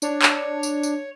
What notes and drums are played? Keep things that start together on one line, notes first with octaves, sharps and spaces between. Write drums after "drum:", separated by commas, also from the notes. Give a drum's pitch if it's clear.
D4 C#5, drum: tambourine
drum: clap
drum: tambourine
drum: tambourine